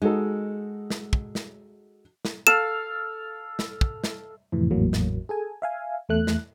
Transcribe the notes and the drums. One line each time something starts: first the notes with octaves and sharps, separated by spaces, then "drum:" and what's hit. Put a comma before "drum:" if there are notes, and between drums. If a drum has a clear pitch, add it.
G#3 D#4 F#4 A4
drum: snare
drum: kick
drum: snare
drum: snare
A4 F5 E7
drum: snare
drum: kick
drum: snare
F2 A2 C3 E3
G#1 E2 A2 F#3 A#3
drum: snare
G#4 A4 G#5
E5 F5 G#5
E2 A3 F#6
drum: snare